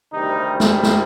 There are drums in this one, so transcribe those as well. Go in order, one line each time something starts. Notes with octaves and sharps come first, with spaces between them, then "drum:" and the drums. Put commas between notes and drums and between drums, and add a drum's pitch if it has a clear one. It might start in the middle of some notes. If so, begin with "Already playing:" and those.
D2 C3 D#3 G3 D#4
drum: snare
drum: snare